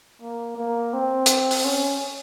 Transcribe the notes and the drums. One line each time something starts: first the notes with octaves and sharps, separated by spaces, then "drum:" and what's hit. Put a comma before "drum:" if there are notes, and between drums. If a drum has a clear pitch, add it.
A#3
A#3
C4
drum: hi-hat
drum: open hi-hat
C#4